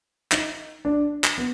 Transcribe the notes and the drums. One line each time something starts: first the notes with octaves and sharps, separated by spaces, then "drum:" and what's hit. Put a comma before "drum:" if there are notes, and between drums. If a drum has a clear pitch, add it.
D#4, drum: clap
D4
drum: clap
B3